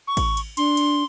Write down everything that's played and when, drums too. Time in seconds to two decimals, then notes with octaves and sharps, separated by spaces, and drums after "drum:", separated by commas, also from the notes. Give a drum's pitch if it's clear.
0.08 C#6
0.17 drum: kick A1, cymbal
0.37 drum: cymbal
0.57 D4 C6, drum: cymbal
0.77 drum: cymbal